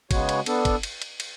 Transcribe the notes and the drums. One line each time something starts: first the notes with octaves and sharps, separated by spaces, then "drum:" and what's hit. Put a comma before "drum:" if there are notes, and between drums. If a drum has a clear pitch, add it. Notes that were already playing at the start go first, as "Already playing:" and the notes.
C#3 G#3 B3 F#4 C#5, drum: kick, cymbal
drum: cymbal
B3 D4 A4, drum: cymbal
drum: kick, cymbal
drum: cymbal
drum: cymbal
drum: cymbal